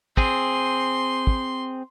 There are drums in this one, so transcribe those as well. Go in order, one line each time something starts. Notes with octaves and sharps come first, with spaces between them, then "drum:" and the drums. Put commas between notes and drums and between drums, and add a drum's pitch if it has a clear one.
C4 G#4 C6, drum: kick
drum: kick